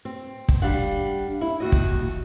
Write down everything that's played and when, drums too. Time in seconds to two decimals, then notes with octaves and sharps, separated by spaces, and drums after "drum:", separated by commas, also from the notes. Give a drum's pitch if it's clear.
0.05 C4
0.48 drum: kick
0.62 G3 D4 F5 F#5
1.41 E4
1.60 D#2 F#4 D#5
1.72 drum: kick